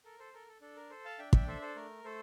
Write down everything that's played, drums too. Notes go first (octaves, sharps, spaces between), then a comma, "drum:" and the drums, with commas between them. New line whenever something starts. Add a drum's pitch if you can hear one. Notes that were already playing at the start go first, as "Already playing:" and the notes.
A4 A#4
A4 C5
A4 A#4
A4
D4 A4
A#4
A4 C5
F5 A5
D4 E5 G5
E5 G5, drum: kick
A4 C5 E5
A4 C5
A3 A#4
A3 A4 C5